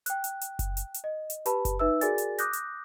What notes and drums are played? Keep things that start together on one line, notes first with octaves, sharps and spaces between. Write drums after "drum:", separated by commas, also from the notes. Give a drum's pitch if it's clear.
G5 F#6, drum: hi-hat
drum: hi-hat
drum: hi-hat
drum: kick F#1, hi-hat
drum: hi-hat
drum: hi-hat
D#5
drum: hi-hat
G4 B4 A5 B5, drum: hi-hat
drum: kick F#1, hi-hat
D#4 B4 E5 E6
F#4 G#4 A#4 D5 G#5 A6, drum: hi-hat
drum: hi-hat
D6 D#6 F#6 G6 A#6, drum: hi-hat
drum: hi-hat